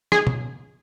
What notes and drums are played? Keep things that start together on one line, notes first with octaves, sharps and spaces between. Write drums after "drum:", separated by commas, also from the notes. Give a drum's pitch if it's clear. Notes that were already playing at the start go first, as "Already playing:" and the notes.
G#4, drum: rim click
drum: tom B2